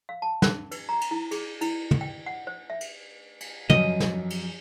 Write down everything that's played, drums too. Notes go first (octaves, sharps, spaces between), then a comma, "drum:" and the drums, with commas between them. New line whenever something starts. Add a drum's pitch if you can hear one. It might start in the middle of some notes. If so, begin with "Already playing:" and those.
F5
A5
C#4, drum: snare
B4, drum: cymbal
A#5
drum: cymbal
E4
G#4, drum: cymbal
E4, drum: cymbal
drum: tom
G5
F#5
C5
E5
drum: cymbal
drum: cymbal
F#2 F3 G3 D#5, drum: tom
drum: snare
drum: cymbal